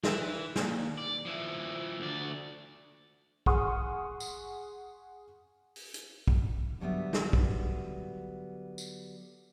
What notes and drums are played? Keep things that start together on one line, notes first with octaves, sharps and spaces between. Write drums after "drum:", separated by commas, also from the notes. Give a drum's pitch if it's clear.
E3, drum: snare
D#2, drum: snare
D5
F3 E4
D2 D5
G#4 F#5 C6 C#6 D#6 F6, drum: kick
drum: tambourine
drum: open hi-hat
drum: hi-hat
drum: kick
D3 F#3 G3 B3 E5
drum: snare
drum: kick
drum: tambourine